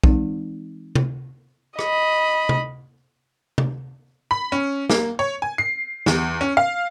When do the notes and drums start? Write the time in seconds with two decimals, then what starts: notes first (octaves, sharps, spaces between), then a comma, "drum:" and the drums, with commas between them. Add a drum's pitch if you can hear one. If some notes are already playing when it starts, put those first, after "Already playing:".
0.04 E3 G#3 C4 D#4, drum: kick
0.95 drum: tom C3
1.79 D#5 B5, drum: rim click
2.49 drum: tom C3
3.58 drum: tom C3
4.31 B5
4.52 C#4
4.90 A#3, drum: snare
5.19 C#5
5.42 G#5
5.58 C7
6.06 E2, drum: snare
6.41 C#4
6.57 F5